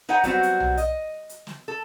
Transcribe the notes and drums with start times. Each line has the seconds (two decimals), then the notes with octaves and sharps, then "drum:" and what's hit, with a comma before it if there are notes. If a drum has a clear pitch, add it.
0.09 D#4 B4 C#5 F#5 A#5
0.24 F#3 G3 B3 C4 F#4, drum: kick, hi-hat
0.43 drum: hi-hat
0.60 drum: tom B1
0.78 D#5, drum: hi-hat
1.29 drum: hi-hat
1.47 drum: snare
1.68 A4